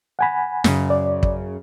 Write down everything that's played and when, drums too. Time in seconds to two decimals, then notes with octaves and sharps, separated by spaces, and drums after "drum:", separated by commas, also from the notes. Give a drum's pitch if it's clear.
0.19 F#5 G#5 B5
0.64 F#2 C#3, drum: snare
0.90 D5
1.23 drum: kick